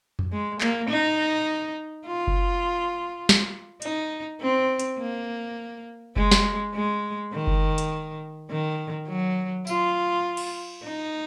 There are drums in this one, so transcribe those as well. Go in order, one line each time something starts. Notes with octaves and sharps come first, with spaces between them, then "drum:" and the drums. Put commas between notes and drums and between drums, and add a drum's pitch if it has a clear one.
drum: tom F2
G#3
A#3, drum: clap
D#4
F4
drum: kick F#1
drum: snare
D#4, drum: hi-hat
C4
drum: hi-hat
A#3
G#3, drum: kick F#1
drum: snare
G#3
D#3
drum: kick F#1
drum: hi-hat
D#3
F#3
F4, drum: tambourine
drum: cymbal
D#4